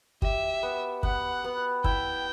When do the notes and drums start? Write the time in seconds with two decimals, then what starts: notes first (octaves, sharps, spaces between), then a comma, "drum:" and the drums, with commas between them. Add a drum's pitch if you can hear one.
0.22 G4 E5, drum: kick
0.63 B3
1.03 B3 F#5, drum: kick
1.44 B3
1.84 E4 G5, drum: kick